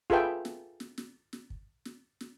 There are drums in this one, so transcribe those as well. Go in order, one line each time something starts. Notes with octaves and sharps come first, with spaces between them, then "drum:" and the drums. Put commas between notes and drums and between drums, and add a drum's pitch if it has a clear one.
F4 G#4 A4 B4 E5 G5, drum: kick
drum: snare
drum: snare
drum: snare
drum: snare
drum: kick
drum: snare
drum: snare